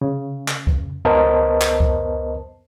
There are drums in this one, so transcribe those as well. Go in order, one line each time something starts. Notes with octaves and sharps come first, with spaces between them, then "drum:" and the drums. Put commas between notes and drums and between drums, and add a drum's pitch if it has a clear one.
C#3
drum: clap
drum: kick
C#2 B3 A#4 C5 D#5 A5
drum: clap
drum: kick